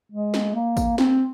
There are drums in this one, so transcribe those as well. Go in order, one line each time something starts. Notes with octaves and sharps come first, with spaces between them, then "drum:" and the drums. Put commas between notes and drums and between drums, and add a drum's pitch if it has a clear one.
G#3
drum: snare
A#3
drum: kick A1, tambourine
C4, drum: snare